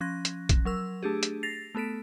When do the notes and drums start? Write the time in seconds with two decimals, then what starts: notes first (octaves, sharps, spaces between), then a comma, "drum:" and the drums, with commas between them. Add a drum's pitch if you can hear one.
0.01 F3 C#4 F#6 A#6
0.25 drum: hi-hat
0.49 drum: kick, hi-hat
0.65 F#3 A#4 E6
1.03 A3 D4 G4 G#4
1.23 drum: hi-hat
1.43 A6 A#6 C7 F7
1.75 A3 B3 A4 B6 D7